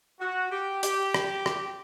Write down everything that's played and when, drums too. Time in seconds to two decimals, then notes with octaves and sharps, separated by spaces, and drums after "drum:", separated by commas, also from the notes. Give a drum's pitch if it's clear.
0.20 F#4
0.51 G4
0.83 G4, drum: hi-hat
1.14 drum: rim click
1.46 drum: rim click